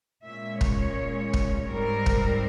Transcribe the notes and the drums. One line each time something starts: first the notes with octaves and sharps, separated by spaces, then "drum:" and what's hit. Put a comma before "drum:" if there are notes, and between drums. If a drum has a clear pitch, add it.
A#2 G#3 C#4 E5
C#5, drum: kick
drum: kick
G#2 G3 C4 A#4
drum: kick